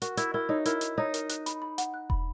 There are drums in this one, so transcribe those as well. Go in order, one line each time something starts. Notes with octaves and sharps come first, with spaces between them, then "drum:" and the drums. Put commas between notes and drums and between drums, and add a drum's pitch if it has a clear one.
F#4 A#4, drum: hi-hat
E4 A#4, drum: hi-hat
E4 A#4
D#4 C#5
E4 A#4, drum: hi-hat
A#4, drum: hi-hat
D#4 C#5
A#4, drum: hi-hat
F#6, drum: hi-hat
B5, drum: hi-hat
B5
F#5, drum: hi-hat
F#6
B5, drum: kick E1